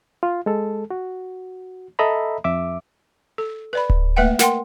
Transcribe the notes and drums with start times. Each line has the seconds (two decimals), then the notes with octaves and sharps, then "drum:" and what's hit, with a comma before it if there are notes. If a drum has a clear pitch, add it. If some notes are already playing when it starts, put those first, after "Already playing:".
0.23 F4
0.46 G#3 A4
0.91 F#4
1.99 A4 D#5 E5 A#5 B5
2.44 F2 E5 D6
3.38 A4
3.73 B4 D5 B5
3.90 drum: kick D1
4.16 A3 A#3 B4 E5 F#5 G5
4.39 A#4 F#5 G5 C6, drum: snare